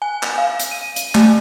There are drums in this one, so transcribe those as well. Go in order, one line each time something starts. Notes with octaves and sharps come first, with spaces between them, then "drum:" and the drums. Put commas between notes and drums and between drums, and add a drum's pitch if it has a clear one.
G#5
drum: clap
F5
drum: hi-hat
D#7
drum: hi-hat
A3, drum: clap